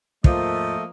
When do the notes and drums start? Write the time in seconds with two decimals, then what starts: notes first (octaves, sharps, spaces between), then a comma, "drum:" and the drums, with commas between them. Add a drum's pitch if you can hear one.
0.24 D#2 G#2 F3 A3 A#3 F4 D#5, drum: kick